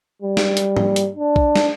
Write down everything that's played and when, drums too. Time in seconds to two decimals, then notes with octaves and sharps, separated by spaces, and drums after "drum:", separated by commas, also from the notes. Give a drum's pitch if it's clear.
0.22 G3
0.37 drum: snare
0.57 drum: hi-hat
0.77 drum: tom
0.96 drum: hi-hat
1.16 D4
1.36 drum: kick
1.56 drum: snare